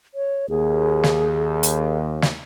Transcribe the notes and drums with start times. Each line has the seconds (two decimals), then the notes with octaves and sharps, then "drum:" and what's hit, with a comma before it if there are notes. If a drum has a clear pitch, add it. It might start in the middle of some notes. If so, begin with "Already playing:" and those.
0.14 C#5
0.50 D#2 G#4
1.03 drum: snare
1.63 drum: hi-hat
2.22 drum: snare